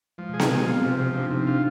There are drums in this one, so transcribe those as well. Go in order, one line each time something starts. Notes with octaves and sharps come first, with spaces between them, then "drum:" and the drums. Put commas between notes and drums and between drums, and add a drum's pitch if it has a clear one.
F3 G#3
B2
G#4
G#3, drum: snare B3
B3 G#4
G#3
B3
C4 F4
C3 C4
F3
C3 D4
D#4
C3
D#4
D4 F4